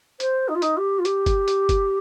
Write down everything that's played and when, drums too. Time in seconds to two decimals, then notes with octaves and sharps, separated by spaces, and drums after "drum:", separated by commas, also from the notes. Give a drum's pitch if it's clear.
0.20 C5, drum: hi-hat
0.49 D#4
0.55 F4
0.62 D#4, drum: hi-hat
0.77 G4
0.99 F4
1.05 G4, drum: hi-hat
1.26 drum: kick F#1, hi-hat
1.48 drum: hi-hat
1.69 drum: kick F#1, hi-hat